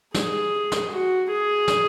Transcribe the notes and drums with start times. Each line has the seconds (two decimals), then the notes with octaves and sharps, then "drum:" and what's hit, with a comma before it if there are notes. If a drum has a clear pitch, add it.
0.14 G#4, drum: snare
0.72 drum: snare
0.91 F#4
1.30 G#4
1.68 drum: snare